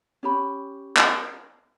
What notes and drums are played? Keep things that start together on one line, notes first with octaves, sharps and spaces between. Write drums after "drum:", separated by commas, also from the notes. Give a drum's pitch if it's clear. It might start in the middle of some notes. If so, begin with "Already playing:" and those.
C#4 G4 B5
drum: clap